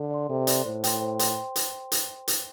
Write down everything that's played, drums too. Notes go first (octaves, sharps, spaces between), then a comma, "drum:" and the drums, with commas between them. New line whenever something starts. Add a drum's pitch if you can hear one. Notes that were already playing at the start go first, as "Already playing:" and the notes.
Already playing: D3 A4
D5 C6
C3 A4
D5 C6, drum: hi-hat
A2 C5
G5 C6, drum: hi-hat
C5
G5 C6, drum: hi-hat
drum: hi-hat
drum: hi-hat
drum: hi-hat